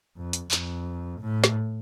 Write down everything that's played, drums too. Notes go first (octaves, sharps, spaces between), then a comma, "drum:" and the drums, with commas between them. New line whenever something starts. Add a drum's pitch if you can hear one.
F2
drum: hi-hat
F2, drum: clap
A2
drum: snare